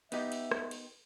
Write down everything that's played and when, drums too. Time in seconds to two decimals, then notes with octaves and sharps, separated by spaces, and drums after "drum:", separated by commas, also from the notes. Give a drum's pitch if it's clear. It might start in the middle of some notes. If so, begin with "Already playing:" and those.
0.12 B3 D#4 G4 E5, drum: cymbal
0.32 drum: cymbal
0.51 drum: rim click
0.71 drum: cymbal